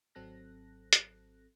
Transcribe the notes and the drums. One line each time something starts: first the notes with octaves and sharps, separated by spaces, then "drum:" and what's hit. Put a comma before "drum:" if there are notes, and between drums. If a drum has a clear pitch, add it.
G#1 F#3 C4 A4 F#6 A#6
drum: hi-hat